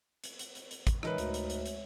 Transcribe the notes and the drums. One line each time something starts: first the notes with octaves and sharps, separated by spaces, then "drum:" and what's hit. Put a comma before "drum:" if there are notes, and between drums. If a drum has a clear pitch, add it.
drum: hi-hat
drum: hi-hat
drum: hi-hat
drum: hi-hat
drum: kick, hi-hat
E3 G#3 D#4 A#4 B4 C#5 E5, drum: rim click
D2, drum: hi-hat
drum: hi-hat
drum: hi-hat
drum: hi-hat